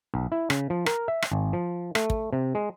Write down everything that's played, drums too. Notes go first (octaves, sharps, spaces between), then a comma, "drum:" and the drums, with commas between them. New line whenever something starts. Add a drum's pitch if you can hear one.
B1
E4
C#3, drum: rim click
F3
A#4, drum: rim click
E5
drum: rim click
G#1
F3
A3, drum: rim click
drum: kick
C3
G#3